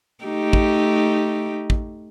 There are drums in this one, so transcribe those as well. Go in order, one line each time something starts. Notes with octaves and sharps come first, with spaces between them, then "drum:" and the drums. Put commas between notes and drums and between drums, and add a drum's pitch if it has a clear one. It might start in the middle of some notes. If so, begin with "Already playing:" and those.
A3 D#4 G4
drum: kick
drum: kick